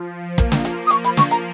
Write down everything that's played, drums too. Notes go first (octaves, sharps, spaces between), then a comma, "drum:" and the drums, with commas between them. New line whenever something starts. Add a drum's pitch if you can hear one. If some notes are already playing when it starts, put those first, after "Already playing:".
Already playing: F3
A#3, drum: kick, hi-hat
drum: snare
drum: hi-hat
D#6
C#6, drum: hi-hat
B5, drum: hi-hat
C#6, drum: snare
A#5, drum: hi-hat